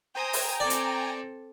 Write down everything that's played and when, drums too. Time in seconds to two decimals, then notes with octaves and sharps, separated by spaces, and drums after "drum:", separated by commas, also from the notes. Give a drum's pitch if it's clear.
0.15 C5 G5 G#5 A#5 D#6
0.33 drum: open hi-hat
0.60 C4 A4 D5
0.70 drum: hi-hat